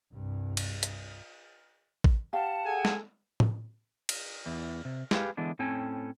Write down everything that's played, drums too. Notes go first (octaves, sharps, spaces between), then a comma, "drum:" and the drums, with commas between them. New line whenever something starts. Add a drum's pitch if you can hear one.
C2 G2
drum: cymbal
drum: hi-hat
drum: kick A1
G4 F5 F#5 A5
G#4 A4 G#5
drum: snare
drum: tom
drum: cymbal
E2 E3
C3
G4 G#4 B4 F5, drum: snare
D3 E3 G#3 B3 D4
A2 C4 C#4 A4 G5 G#5